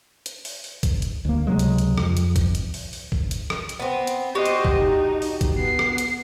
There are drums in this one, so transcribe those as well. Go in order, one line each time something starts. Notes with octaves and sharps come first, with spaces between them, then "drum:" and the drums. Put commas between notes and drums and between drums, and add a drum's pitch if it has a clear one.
drum: hi-hat
drum: open hi-hat
drum: open hi-hat
drum: kick A#1, hi-hat
drum: hi-hat
D2 A#3
C#2 C3 F#3 G#3
drum: hi-hat
drum: hi-hat
F2, drum: rim click
drum: hi-hat
drum: kick A#1, hi-hat
drum: hi-hat
drum: open hi-hat
drum: open hi-hat
drum: kick A#1
drum: hi-hat
drum: rim click
drum: hi-hat
B3 C4
drum: hi-hat
D4 F#4 G4 C5 D#5
drum: hi-hat
drum: kick A#1
D#4
drum: open hi-hat
drum: kick A#1, hi-hat
B3 C7
drum: rim click
drum: hi-hat